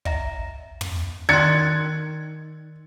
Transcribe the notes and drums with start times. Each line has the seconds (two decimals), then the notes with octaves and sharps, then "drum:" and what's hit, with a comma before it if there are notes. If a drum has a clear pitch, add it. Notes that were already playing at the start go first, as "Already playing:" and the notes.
0.05 D#5 E5 A#5, drum: kick
0.81 drum: tom
1.29 D#3 D5 C6 F#6 G#6 A6 C#7